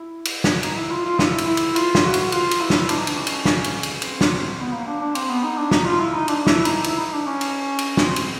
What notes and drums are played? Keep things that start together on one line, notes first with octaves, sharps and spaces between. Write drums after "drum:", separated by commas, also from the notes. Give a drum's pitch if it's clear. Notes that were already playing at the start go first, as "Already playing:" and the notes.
Already playing: E4
drum: cymbal
drum: snare
D#4, drum: cymbal
E4
F4
F4
E4, drum: snare
drum: cymbal
E4
drum: cymbal
F4, drum: cymbal
drum: snare
F#4
drum: cymbal
F4, drum: cymbal
drum: cymbal
E4
drum: snare
D4, drum: cymbal
D#4
D4, drum: cymbal
C#4
drum: cymbal
drum: snare
drum: cymbal
drum: cymbal
C4, drum: cymbal
drum: snare
B3
A#3
D4
D4
C4, drum: cymbal
B3
D#4
D4
D#4, drum: snare
F4
E4
D#4
D4, drum: cymbal
E4, drum: snare
D#4, drum: cymbal
E4, drum: cymbal
D#4
D4
C#4
drum: cymbal
drum: cymbal
C4, drum: snare
drum: cymbal